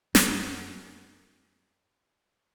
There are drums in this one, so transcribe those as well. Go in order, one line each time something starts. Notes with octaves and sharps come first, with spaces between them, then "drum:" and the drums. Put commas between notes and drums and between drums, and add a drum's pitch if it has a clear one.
F#2, drum: snare